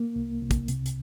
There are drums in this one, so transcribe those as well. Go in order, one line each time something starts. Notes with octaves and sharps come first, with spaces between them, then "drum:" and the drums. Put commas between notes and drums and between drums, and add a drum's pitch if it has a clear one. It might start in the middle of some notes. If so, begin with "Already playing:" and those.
Already playing: A#3
C2
C2
drum: kick, hi-hat
C3, drum: hi-hat
drum: hi-hat